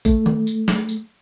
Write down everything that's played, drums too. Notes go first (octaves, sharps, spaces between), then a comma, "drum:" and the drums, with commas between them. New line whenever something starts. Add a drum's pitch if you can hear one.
A3, drum: kick A1, tambourine
drum: tom D#3
drum: tambourine
drum: snare
drum: tambourine